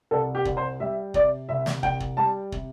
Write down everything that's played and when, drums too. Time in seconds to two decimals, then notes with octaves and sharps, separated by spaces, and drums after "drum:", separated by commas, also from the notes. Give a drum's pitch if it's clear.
0.11 C2 A4
0.35 G4
0.45 C2, drum: kick
0.57 C5
0.80 G3 E5
1.14 C3 D5, drum: kick
1.49 C2 E5
1.66 drum: snare
1.83 C2 G5, drum: kick
2.00 drum: kick
2.17 G3 A5
2.52 C3, drum: kick